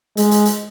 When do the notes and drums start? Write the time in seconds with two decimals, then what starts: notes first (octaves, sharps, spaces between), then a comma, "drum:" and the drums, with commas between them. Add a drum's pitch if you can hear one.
0.17 G#3, drum: hi-hat
0.31 drum: hi-hat
0.45 drum: hi-hat